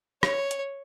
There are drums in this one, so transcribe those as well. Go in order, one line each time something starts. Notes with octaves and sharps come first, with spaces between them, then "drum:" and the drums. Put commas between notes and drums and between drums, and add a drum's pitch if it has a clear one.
C#5, drum: rim click
drum: hi-hat